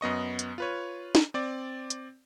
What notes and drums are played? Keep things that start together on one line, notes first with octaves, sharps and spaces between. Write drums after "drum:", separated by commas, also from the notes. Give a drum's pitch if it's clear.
F#2 B3 D#5 C#6
drum: hi-hat
F4 B4 C#5
drum: snare
C4 D5
drum: hi-hat